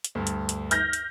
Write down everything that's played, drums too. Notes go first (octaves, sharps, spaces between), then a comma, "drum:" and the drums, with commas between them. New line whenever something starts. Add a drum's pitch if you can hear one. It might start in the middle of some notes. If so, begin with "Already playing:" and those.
drum: hi-hat
D2 G2
drum: hi-hat
drum: hi-hat
F6 G6 A#6, drum: hi-hat
drum: hi-hat